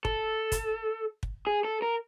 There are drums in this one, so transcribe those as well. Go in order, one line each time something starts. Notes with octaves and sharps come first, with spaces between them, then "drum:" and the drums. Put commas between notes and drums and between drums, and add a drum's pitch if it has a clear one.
A4, drum: kick
drum: kick, hi-hat
drum: kick
G#4
A4
A#4